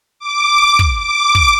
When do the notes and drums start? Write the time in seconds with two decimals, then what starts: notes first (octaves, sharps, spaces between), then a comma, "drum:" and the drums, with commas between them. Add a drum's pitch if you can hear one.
0.19 D6
0.79 drum: kick
0.98 D6
1.35 drum: kick